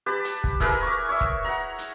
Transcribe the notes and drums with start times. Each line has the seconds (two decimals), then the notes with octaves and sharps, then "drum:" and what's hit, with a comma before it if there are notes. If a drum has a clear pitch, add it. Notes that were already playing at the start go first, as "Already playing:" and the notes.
0.06 G4 B4 A5
0.25 drum: hi-hat
0.44 drum: kick
0.60 E4 G#4 A#4 B4, drum: kick, hi-hat
0.82 C#6 D6
1.09 C#5 E5
1.21 drum: kick
1.44 F#5 A#5
1.78 drum: hi-hat